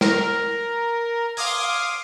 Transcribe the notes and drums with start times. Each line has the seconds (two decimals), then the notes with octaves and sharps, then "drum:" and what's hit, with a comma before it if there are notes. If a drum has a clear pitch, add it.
0.01 A#4, drum: snare
1.37 F5 C6 D6 D#6 G#6, drum: open hi-hat